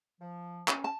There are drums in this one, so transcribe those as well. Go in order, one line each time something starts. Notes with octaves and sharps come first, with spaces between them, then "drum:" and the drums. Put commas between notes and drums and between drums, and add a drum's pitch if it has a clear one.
F3
C#4, drum: clap
A5